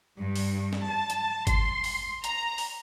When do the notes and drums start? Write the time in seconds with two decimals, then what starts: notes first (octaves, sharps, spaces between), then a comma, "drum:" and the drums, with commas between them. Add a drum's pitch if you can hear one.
0.18 G2
0.36 drum: open hi-hat
0.73 drum: snare
0.86 A5
1.10 drum: hi-hat
1.47 C6, drum: kick G1, hi-hat
1.84 drum: open hi-hat
2.24 A#5, drum: hi-hat
2.58 drum: open hi-hat